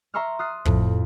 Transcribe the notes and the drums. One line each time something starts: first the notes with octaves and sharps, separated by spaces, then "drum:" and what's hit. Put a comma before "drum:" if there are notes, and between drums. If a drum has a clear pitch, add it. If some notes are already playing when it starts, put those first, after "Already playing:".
E5 A#5 C6 C#6 E6 F6
D#6 F6 F#6 A6 C7
F2 A2, drum: kick